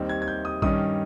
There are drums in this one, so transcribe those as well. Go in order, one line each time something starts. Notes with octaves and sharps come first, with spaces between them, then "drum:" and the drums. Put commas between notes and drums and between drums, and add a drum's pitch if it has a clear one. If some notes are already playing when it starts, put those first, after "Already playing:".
Already playing: D#2 D#3 G3 C4
G#6
G#6
G6
D#6
G2 D#3 G3 C#4 D#6, drum: kick A#1